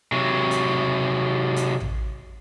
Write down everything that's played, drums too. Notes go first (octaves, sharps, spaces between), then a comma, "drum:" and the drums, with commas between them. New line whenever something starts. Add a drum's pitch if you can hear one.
C3 F#3
drum: hi-hat
drum: hi-hat
drum: tom A1